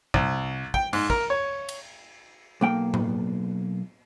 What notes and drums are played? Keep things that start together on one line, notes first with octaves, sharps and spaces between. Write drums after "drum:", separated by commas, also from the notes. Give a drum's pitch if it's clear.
C2, drum: kick
G5, drum: kick
G#2, drum: cymbal
A#4, drum: kick
C#5
drum: cymbal
B1 A#3 G5
drum: tom A2